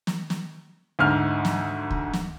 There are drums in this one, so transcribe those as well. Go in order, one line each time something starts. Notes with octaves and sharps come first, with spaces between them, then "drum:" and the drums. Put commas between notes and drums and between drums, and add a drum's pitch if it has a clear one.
drum: snare
drum: snare
D2 G#2 F6
drum: snare
drum: kick C#2
drum: snare